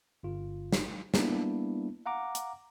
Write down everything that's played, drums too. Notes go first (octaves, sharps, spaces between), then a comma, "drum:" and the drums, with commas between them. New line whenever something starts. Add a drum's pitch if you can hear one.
G1 F4
drum: snare
G3 A#3 B3 D4 E4, drum: snare
F5 F#5 A#5 D6
drum: hi-hat